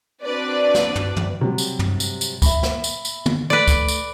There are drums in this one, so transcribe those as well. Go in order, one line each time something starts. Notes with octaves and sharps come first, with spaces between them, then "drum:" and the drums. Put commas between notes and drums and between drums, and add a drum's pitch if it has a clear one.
C4 D4 F#4 B4 D5
drum: snare
drum: tom
drum: tom
C3 F#3 G3
drum: tambourine
drum: tom
drum: tambourine
drum: tambourine
E5 B5, drum: kick C#2, tambourine
drum: snare
drum: tambourine
drum: tambourine
drum: tom
A3 B4 D5
drum: kick C#2, tambourine
drum: tambourine